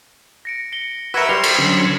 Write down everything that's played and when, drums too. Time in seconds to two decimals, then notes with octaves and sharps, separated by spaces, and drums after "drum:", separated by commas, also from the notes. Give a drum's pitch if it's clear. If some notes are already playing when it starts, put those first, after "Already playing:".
0.45 A#6 C#7 D7
0.72 C#7 G7
1.14 F#4 A#4 B4 E5 E6 G#6 C#7
1.29 G3 C5 C6 C#6 F7
1.43 drum: cymbal
1.58 D3 F#3 C#4